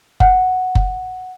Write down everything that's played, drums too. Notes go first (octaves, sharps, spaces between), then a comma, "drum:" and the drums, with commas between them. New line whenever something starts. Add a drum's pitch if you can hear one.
F#5, drum: kick F#1
drum: kick F#1